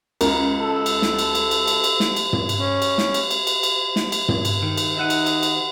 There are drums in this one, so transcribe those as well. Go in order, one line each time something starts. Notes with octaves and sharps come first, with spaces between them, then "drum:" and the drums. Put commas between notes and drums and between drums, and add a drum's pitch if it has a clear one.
C#2 A#4, drum: cymbal
A4
drum: cymbal
drum: snare
drum: cymbal
drum: cymbal
drum: cymbal
drum: cymbal
drum: cymbal
drum: snare
drum: cymbal
drum: tom
drum: cymbal
C#4
drum: cymbal
drum: snare
drum: cymbal
drum: cymbal
drum: cymbal
drum: cymbal
drum: snare
drum: cymbal
drum: tom
drum: cymbal
D#3
drum: cymbal
D#4 E5 F#5 D#7
drum: cymbal
drum: cymbal
drum: cymbal